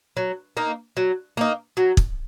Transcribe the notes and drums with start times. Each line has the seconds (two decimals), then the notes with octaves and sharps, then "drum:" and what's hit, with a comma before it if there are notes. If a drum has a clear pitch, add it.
0.17 F#3
0.57 A#3 D#4
0.97 F#3
1.37 A#3 D#4
1.77 F#3
1.97 drum: kick